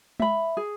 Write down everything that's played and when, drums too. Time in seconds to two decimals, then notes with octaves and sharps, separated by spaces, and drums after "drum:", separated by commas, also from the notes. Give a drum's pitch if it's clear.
0.20 E5 B5, drum: tom G#3
0.57 G#4